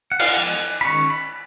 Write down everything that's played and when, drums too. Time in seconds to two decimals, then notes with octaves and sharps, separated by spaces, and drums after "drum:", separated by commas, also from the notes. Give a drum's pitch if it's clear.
0.12 F#5
0.19 F5, drum: cymbal
0.28 F#5
0.36 F3 G#3 B3 G#5
0.81 B5
0.85 D#3 G#3 C#4 C#6
1.10 B5